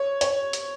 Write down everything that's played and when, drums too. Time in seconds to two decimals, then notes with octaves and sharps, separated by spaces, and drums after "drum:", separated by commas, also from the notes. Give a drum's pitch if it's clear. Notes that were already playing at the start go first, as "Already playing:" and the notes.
Already playing: C#5
0.21 C#5, drum: hi-hat
0.53 drum: hi-hat